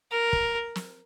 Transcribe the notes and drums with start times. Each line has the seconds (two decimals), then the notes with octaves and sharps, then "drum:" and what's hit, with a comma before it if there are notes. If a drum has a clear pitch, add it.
0.11 A#4
0.33 drum: kick
0.75 drum: snare